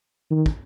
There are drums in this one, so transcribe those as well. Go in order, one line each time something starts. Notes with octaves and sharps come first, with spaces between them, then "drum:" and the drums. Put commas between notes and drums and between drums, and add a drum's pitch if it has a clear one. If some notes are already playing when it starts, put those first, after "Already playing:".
D#3
drum: kick